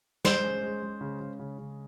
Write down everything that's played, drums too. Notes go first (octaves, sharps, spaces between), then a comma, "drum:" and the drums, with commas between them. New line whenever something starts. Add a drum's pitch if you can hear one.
G#3 C5, drum: snare
C#4
G#3
G#3
C#3
C#3
C#3
C#3